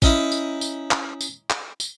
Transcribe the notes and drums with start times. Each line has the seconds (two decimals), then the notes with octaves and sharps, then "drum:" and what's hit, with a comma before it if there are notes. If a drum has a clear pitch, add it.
0.02 C#4 D#4 E4, drum: kick A1, tambourine
0.32 drum: tambourine
0.61 drum: tambourine
0.91 drum: clap
1.21 drum: tambourine
1.50 drum: clap
1.80 drum: tambourine